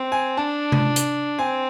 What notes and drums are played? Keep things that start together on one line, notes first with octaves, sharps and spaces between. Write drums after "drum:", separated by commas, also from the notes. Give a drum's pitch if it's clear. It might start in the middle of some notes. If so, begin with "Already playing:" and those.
Already playing: C4
G#5
D4 A5
drum: tom C3
drum: hi-hat
C4 G#5